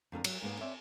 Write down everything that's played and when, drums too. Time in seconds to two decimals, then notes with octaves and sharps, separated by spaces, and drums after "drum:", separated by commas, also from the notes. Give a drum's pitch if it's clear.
0.12 F2 D3 A4 A#4
0.24 F#3, drum: cymbal
0.42 G#2 A#3 B3
0.60 C4 C#5 D5 E5